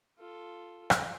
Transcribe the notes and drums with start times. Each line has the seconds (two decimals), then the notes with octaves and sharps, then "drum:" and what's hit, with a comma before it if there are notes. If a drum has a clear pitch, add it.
0.18 F4 A4
0.90 drum: rim click